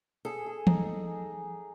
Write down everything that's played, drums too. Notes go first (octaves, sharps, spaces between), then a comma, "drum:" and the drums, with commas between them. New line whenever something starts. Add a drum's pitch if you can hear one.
G#4 A4
G#4
D#4, drum: tom